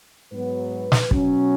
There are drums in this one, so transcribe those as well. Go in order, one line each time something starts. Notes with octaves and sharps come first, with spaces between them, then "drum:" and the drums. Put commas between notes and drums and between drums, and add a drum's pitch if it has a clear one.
G#2 F#3 B3 B4
drum: snare
B2 F#3 C#4, drum: kick